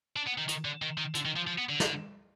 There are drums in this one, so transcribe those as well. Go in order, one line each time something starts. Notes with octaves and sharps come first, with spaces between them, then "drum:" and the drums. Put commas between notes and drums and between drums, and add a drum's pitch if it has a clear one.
D4
B3
D#3
D#3, drum: hi-hat
D3
D#3
D#3
D3, drum: hi-hat
D#3
F3
F3
B3
D3
drum: snare